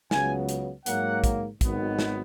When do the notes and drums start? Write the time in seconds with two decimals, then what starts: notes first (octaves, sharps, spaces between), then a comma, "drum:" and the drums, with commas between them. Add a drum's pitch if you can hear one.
0.11 C#2 C#3 F#3 B3 G#5, drum: snare
0.49 drum: hi-hat
0.86 G#2 F#3 A#3 F#5, drum: hi-hat
1.24 drum: kick, hi-hat
1.61 G#1 G#2 D#3 F#3 B3, drum: kick, hi-hat
1.99 drum: snare